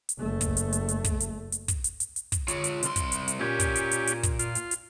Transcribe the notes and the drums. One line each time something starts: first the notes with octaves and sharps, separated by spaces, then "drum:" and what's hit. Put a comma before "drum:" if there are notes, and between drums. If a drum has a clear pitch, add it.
drum: hi-hat
F#1 A3
drum: kick, hi-hat
drum: hi-hat
drum: hi-hat
drum: hi-hat
drum: kick, hi-hat
drum: hi-hat
drum: hi-hat
drum: kick, hi-hat
drum: hi-hat
drum: hi-hat
drum: hi-hat
drum: kick, hi-hat
F4 C#5, drum: hi-hat
drum: hi-hat
C2 C6, drum: hi-hat
drum: kick, hi-hat
drum: hi-hat
drum: hi-hat
A#2 C#4 G4
drum: kick, hi-hat
drum: hi-hat
drum: hi-hat
drum: hi-hat
drum: kick, hi-hat
F4, drum: hi-hat
drum: hi-hat
drum: hi-hat